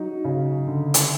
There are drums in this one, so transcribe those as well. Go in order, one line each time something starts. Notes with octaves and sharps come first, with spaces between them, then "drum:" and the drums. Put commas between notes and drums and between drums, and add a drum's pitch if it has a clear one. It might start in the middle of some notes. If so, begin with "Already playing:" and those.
Already playing: F#3 D#4
C#3
D3
drum: hi-hat